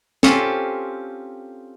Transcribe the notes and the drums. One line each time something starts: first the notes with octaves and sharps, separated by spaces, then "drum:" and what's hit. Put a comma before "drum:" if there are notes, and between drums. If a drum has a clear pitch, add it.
C4 C#4 F4 G4 A4, drum: snare